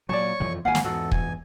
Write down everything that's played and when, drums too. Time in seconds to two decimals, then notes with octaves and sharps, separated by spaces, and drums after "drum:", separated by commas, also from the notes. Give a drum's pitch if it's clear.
0.09 A#2 F#3 C#5 D5 A5 C#6
0.40 F2 E3 F3
0.65 G#1 A#3 F5 F#5 G#5
0.75 drum: snare
0.85 E2 G#2 F#4 A4
1.11 G#5, drum: kick